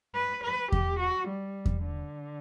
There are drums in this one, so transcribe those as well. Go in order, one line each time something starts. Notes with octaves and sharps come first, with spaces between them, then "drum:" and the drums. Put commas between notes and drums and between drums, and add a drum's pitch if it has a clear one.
B4
B4
G4, drum: kick E2
F#4
G3
drum: kick E2
D3